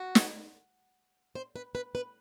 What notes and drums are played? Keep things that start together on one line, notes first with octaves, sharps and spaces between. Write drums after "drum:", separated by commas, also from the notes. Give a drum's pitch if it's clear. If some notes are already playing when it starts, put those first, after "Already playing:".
Already playing: F#4
drum: snare
C5
B4
B4
B4